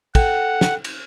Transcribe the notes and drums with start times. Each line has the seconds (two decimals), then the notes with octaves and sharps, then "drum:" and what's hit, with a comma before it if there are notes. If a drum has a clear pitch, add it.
0.15 A4 F#5 G5, drum: kick, cymbal
0.61 drum: snare
0.84 drum: cymbal